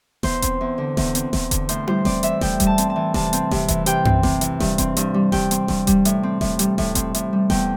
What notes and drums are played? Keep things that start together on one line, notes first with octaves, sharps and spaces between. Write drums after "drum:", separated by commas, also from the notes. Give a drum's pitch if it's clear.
E2 C5, drum: snare D#1
C4, drum: kick E1, hi-hat
E2
D3
E2, drum: snare D#1
C4, drum: hi-hat
E2, drum: snare D#1
D3, drum: kick E1, hi-hat
A2 C5, drum: hi-hat
G3 C5, drum: tom E4
C4 D5, drum: snare D#1
E3 E5, drum: hi-hat
A2 G5, drum: snare D#1
G3, drum: kick E1, hi-hat
A5
C4, drum: hi-hat
A5
E3
C3 A5, drum: snare D#1
C4, drum: hi-hat
C3, drum: snare D#1
E3, drum: kick E1, hi-hat
C3 G5, drum: hi-hat
C4, drum: tom F#2
C3, drum: snare D#1
E3, drum: hi-hat
G2, drum: snare D#1
C4, drum: kick E1, hi-hat
G2, drum: hi-hat
G3
G2 G5, drum: snare D#1
C4, drum: hi-hat
G2, drum: snare D#1
G3, drum: kick E1, hi-hat
A2, drum: hi-hat
C4
A2, drum: snare D#1
G3, drum: hi-hat
A2, drum: snare D#1
C4, drum: kick E1, hi-hat
A2, drum: hi-hat
G3
E2 G5, drum: snare D#1